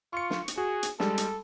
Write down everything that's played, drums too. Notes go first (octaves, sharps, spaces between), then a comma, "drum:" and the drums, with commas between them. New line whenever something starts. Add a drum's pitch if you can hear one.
F4 C#6 C#7
drum: snare
drum: hi-hat
F#4 G#4
drum: hi-hat
G3 G#3 A4, drum: snare
drum: hi-hat